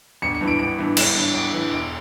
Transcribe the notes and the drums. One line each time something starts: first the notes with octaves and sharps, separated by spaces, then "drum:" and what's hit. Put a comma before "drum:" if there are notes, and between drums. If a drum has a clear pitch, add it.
G1 C#7
C#7
G2 E3
D7
G1 D7
G2 E3
G1 E7, drum: cymbal
G2 E3
G1 D7
G2 E3
E1 D7